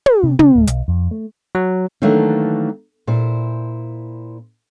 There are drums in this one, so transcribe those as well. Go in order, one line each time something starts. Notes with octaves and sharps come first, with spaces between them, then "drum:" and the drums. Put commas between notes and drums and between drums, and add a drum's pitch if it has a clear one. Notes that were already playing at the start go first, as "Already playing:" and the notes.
drum: tom
C3
C#3, drum: tom
D1
B1, drum: hi-hat
F2
A3
F#3
D#3 E3 F#3 A3 A#3 D4
A#2 E4 C5